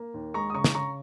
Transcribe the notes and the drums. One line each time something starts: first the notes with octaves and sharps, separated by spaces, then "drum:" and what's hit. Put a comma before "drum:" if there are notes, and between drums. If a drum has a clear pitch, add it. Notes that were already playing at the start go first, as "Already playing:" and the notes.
Already playing: A#3
D#2
G#3 A#5 C#6
D#6
C#3 A#5 C#6
drum: snare
C#3 A#5 C#6